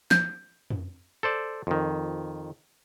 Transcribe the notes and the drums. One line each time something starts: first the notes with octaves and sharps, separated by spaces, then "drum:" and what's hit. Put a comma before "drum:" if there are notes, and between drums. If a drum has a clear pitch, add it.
G6, drum: snare
drum: tom F2
A4 C5 D5
F2 D#3